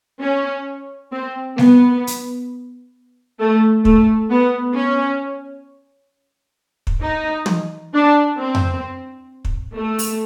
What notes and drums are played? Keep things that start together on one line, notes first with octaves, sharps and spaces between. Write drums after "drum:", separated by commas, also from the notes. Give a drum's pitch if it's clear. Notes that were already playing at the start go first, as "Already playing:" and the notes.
C#4
C4
B3, drum: snare G3
drum: hi-hat
A3
A3, drum: kick
B3
C#4
drum: kick
D#4
drum: tom
D4
C4
drum: tom F2
drum: kick
A3
drum: open hi-hat